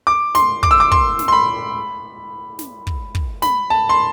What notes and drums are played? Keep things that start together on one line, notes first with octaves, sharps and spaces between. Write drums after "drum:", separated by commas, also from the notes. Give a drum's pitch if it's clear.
D6
C6, drum: snare
D6, drum: kick
E6
D6
C6, drum: kick
drum: snare
C6
B5
drum: snare
drum: kick
drum: kick
B5, drum: snare
A5
C6